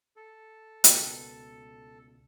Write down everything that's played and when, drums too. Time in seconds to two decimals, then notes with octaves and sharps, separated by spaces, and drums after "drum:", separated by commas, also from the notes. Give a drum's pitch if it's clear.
0.16 A4
0.84 C#2 B2 G4 A#4 B4, drum: hi-hat